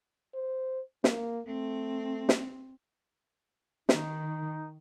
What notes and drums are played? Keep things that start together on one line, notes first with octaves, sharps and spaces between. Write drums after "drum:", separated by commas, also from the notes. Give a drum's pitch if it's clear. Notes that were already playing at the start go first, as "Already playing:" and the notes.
C5
A#3, drum: snare
A3 C4
drum: snare
D#3 D#4, drum: snare